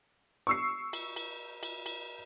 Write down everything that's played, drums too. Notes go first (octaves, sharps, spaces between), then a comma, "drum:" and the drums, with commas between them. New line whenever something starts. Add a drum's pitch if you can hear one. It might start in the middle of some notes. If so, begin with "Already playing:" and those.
C#6 E6 C7
drum: cymbal
drum: cymbal
drum: cymbal
drum: cymbal